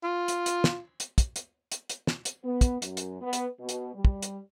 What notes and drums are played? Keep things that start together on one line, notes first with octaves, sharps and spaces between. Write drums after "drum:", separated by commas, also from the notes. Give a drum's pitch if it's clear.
F4
drum: hi-hat
drum: hi-hat
drum: snare
drum: hi-hat
drum: kick, hi-hat
drum: hi-hat
drum: hi-hat
drum: hi-hat
drum: snare
drum: hi-hat
B3
drum: kick, hi-hat
F#2, drum: hi-hat
drum: hi-hat
B3
drum: hi-hat
B2
drum: hi-hat
G3
drum: kick
drum: hi-hat